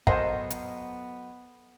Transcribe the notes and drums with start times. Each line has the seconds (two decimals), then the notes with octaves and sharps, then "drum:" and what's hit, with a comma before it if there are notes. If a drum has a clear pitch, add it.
0.07 F#3 B3 A4 A#4 C5 D#5 F#5 G#5, drum: kick
0.50 drum: hi-hat